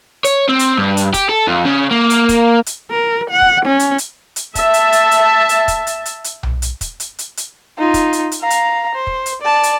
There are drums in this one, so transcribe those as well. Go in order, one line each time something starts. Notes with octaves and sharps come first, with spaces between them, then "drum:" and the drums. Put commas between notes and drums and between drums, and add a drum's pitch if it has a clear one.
C#5, drum: hi-hat
C4
drum: hi-hat
G2
drum: hi-hat
G4, drum: kick, hi-hat
A4
F2
C#3
A#3
drum: hi-hat
drum: kick, hi-hat
drum: hi-hat
A#4
F#5
drum: kick
C#4
drum: hi-hat
drum: hi-hat
drum: hi-hat
E5 A5, drum: kick, hi-hat
drum: hi-hat
drum: hi-hat
drum: hi-hat
drum: hi-hat
drum: kick, hi-hat
drum: hi-hat
drum: hi-hat
drum: hi-hat
drum: tom B1
drum: hi-hat
drum: kick, hi-hat
drum: hi-hat
drum: hi-hat
drum: hi-hat
D#4 F4
drum: kick, hi-hat
drum: hi-hat
drum: hi-hat
F5 A#5
drum: hi-hat
C5
drum: kick
drum: hi-hat
D5 A5
drum: hi-hat